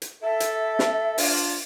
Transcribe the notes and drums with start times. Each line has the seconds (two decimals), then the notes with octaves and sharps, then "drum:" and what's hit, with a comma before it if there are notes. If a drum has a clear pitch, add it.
0.02 drum: hi-hat
0.23 A4 E5
0.40 drum: hi-hat
0.79 drum: snare
1.18 D4 F4, drum: open hi-hat